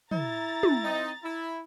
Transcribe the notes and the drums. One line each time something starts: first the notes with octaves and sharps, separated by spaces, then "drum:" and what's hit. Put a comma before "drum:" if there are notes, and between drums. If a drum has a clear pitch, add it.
E4 A#5 A6, drum: tom
drum: tom
C4 D#4
E4